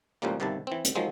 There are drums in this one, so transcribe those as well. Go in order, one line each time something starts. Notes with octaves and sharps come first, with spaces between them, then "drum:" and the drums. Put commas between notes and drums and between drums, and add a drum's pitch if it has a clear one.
C#2 A2 F3 G3 A#3
G1 G2 C3 D#3 E4 A5
E3 C4
drum: hi-hat
D#3 F3 F#3 G#3 C4